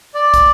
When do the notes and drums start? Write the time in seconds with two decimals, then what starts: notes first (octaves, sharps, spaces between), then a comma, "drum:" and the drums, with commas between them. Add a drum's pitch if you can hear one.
0.14 D5
0.34 drum: kick, hi-hat